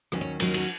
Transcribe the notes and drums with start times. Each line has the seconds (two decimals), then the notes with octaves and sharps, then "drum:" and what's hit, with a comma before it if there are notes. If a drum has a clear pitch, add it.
0.12 D#2 D#3 F#3 C#4, drum: rim click
0.21 C#5
0.40 D#2 D#3 F#3 C#4 A#4, drum: cymbal
0.54 F#4, drum: cymbal